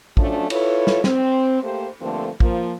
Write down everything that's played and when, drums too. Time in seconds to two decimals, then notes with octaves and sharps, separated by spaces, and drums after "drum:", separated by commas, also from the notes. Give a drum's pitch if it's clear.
0.17 F3 F#3 A3 C#4 D4, drum: kick
0.50 E4 F4 A4 B4 C#5, drum: cymbal
0.87 drum: snare
1.04 C4, drum: snare
1.62 A3 A#3 G4 C5
2.01 G2 D3 F3 A3 A#3 C4
2.40 F3 A#3, drum: kick